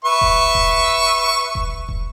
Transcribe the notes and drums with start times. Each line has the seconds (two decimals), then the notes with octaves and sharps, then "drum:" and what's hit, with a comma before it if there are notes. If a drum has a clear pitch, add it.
0.05 B4 E5 C#6
0.21 drum: kick E1
0.55 drum: kick E1
1.55 drum: kick E1
1.89 drum: kick E1